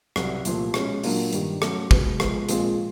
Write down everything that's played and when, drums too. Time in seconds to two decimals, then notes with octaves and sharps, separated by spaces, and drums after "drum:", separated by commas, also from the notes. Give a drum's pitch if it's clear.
0.16 C2 B2 F#3 B3, drum: rim click
0.45 C2 A#2 F3 A3, drum: hi-hat
0.74 B2 G#3 C#4, drum: rim click
1.03 A#2 F#3 A#3 D4, drum: open hi-hat
1.33 G2 D#3 G3, drum: hi-hat
1.62 F#3 A3 C#4, drum: rim click
1.91 B2 G#3 B3, drum: kick
2.20 F3 G#3 B3, drum: rim click
2.49 A#2 F3 G#3 C4 F4, drum: hi-hat